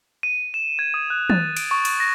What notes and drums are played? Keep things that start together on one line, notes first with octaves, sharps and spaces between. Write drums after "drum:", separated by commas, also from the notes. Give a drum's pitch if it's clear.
D#7
E7
G#6
D#6
F#6
A6, drum: tom
D7, drum: cymbal
C#6
drum: cymbal
A#6